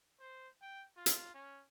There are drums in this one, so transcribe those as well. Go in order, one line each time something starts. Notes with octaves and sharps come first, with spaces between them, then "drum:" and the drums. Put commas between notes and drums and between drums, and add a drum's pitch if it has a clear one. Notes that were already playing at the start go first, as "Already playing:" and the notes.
C5
G5
F4
drum: hi-hat
C#4